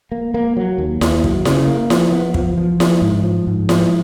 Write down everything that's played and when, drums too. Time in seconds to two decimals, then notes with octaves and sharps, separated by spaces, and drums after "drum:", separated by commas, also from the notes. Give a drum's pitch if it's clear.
0.12 A#3
0.34 A#3
0.57 F#3
0.78 D#2
1.01 D#2, drum: snare E4
1.24 F#3, drum: kick
1.45 C#3, drum: snare E4
1.68 A#3
1.90 F3, drum: snare E4
2.12 B3
2.34 F3, drum: kick
2.58 F3
2.80 F3, drum: snare E4
3.02 G#2
3.23 F3
3.47 G#2
3.69 F3, drum: snare E4